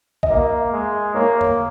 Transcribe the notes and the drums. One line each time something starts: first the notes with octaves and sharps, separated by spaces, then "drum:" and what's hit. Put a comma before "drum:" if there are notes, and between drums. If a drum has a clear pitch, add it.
D#5, drum: kick
A#3 E5
G#3
A#3 C#5
drum: tom E2